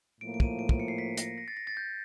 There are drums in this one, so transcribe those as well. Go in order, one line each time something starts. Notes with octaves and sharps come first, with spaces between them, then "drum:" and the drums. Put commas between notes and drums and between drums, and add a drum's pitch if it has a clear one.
A2 F3 A#3 D7
D7
D#7, drum: kick
D7
D7, drum: kick
C#7
C7
B6
A#6, drum: hi-hat
A#6
A6
A#6
A6
G6